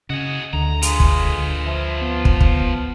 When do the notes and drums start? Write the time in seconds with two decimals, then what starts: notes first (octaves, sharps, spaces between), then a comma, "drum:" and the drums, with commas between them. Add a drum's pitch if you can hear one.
0.10 C#3 F#4 G#4 D#5
0.53 D2 D3 A#5
0.82 G#3 F4 B4, drum: hi-hat
1.00 drum: kick
1.66 F3 E5
2.01 B3
2.25 drum: kick
2.40 drum: kick